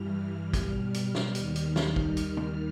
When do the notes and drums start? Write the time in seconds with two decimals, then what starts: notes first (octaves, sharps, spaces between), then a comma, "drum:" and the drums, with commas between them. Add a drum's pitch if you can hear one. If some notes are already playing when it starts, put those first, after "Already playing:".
Already playing: G2 E3 G3 F6
0.53 B2 G3 F6, drum: kick, hi-hat
0.94 drum: hi-hat
1.15 drum: snare
1.35 D#2 D#3 G3 F6, drum: hi-hat
1.56 drum: hi-hat
1.76 drum: snare
1.96 drum: kick
2.17 drum: hi-hat
2.37 drum: tom